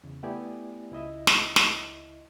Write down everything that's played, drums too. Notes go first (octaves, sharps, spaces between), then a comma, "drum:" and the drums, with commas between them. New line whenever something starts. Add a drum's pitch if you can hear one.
E2 C#3
A3 B3 E4 G4 D5 G#5
C#2 E4 D#5 E5
drum: snare
drum: snare